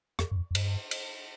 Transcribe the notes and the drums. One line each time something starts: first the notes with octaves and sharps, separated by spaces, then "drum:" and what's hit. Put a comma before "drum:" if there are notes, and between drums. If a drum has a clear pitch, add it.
F2, drum: rim click
G2
F2
F2
G2, drum: cymbal
drum: cymbal